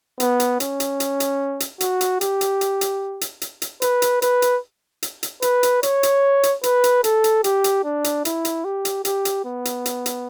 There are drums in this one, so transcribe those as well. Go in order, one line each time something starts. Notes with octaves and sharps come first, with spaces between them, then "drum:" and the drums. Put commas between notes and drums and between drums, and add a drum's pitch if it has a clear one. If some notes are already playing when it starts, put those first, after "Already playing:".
B3, drum: hi-hat
drum: hi-hat
C#4, drum: hi-hat
drum: hi-hat
drum: hi-hat
drum: hi-hat
drum: hi-hat
F#4, drum: hi-hat
drum: hi-hat
G4, drum: hi-hat
drum: hi-hat
drum: hi-hat
drum: hi-hat
drum: hi-hat
drum: hi-hat
drum: hi-hat
B4, drum: hi-hat
drum: hi-hat
B4, drum: hi-hat
drum: hi-hat
drum: hi-hat
drum: hi-hat
B4, drum: hi-hat
drum: hi-hat
C#5, drum: hi-hat
drum: hi-hat
drum: hi-hat
B4, drum: hi-hat
drum: hi-hat
A4, drum: hi-hat
drum: hi-hat
G4, drum: hi-hat
drum: hi-hat
D4
drum: hi-hat
E4, drum: hi-hat
drum: hi-hat
G4
drum: hi-hat
G4, drum: hi-hat
drum: hi-hat
B3
drum: hi-hat
drum: hi-hat
drum: hi-hat